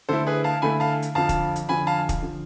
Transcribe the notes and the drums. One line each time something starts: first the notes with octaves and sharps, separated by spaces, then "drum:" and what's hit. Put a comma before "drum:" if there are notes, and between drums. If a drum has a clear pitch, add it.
D3 A3 E4 A4 C5
G#4 B4
F5 A5
D3 A3 E4 G#5 B5
F5 A5
drum: hi-hat
F2 D3 F3 F5 A5
drum: kick, hi-hat
drum: hi-hat
F2 D3 F3 G#5 B5
F5 A5
drum: kick, hi-hat
D3 F3